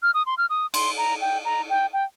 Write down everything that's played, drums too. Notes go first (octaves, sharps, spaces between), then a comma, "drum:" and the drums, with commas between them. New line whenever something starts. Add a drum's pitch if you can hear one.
F6
D#6
C6
F6
D#6
C6, drum: cymbal
A#5
G5
A#5
G5
G5